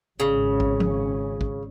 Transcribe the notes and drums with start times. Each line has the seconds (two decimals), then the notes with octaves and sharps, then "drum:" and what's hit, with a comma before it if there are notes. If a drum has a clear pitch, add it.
0.20 G#1 C#3 C#4
0.60 drum: kick
0.80 drum: tom F3
1.41 drum: kick